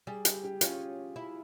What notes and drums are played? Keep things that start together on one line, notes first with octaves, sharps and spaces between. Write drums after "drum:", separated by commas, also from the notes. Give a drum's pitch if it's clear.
G3 G#4
G4, drum: hi-hat
G4
C#4 F4, drum: hi-hat
E4